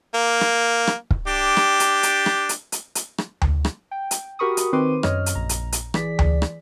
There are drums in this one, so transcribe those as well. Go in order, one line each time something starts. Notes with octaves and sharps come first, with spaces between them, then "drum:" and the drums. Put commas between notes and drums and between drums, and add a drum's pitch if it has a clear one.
A#3
drum: rim click
drum: rim click
drum: kick
D4 G4
drum: rim click
drum: hi-hat
drum: hi-hat
drum: rim click
drum: hi-hat
drum: hi-hat
drum: hi-hat
drum: rim click
drum: tom D2
drum: rim click
G5
drum: hi-hat
F#4 G4 A#4 B5 C#6 D#6
drum: hi-hat
D#3 C4 B4 C6 D6 D#7
F#2 C#5 D#5 F6, drum: rim click
drum: hi-hat
A#1 A#5
drum: hi-hat
drum: hi-hat
E3 G#4 D5 B6, drum: rim click
drum: tom D2
drum: rim click